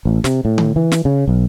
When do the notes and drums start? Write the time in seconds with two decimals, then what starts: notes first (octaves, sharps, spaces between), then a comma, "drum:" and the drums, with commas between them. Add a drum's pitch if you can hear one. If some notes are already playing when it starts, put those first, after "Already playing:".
0.05 A1
0.24 C3, drum: snare
0.45 A2
0.58 drum: tom D3
0.76 E3
0.92 drum: snare
1.05 C#3
1.27 B1